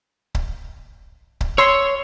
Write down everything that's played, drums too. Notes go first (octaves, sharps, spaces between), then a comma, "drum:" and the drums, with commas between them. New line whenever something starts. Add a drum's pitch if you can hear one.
drum: kick C#1
drum: kick C#1
C#5 C6 E6